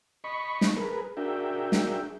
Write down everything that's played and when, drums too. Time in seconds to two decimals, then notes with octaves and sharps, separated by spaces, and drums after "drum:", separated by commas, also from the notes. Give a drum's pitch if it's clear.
0.24 D#5 B5 C#6
0.61 drum: snare
0.76 G#4 A#4 B4
1.17 D4 F#4 G#4 A#4 E5 G5
1.72 drum: snare